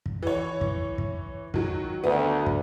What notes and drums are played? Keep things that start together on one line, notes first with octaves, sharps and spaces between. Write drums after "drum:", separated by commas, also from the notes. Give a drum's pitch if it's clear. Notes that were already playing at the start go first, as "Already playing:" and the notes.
drum: kick
E3 C#5
drum: kick
drum: kick
D#3 F#3, drum: kick
D2 B3
drum: kick